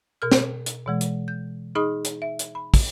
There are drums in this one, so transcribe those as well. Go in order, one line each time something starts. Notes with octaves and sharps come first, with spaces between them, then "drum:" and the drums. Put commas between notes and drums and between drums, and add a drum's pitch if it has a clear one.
B2 A#4 F6
drum: snare
drum: hi-hat
B2 E3 G#3
drum: hi-hat
G6
D#4 G#4 D#5 B5 D#6
drum: hi-hat
E5
drum: hi-hat
B5
drum: kick, open hi-hat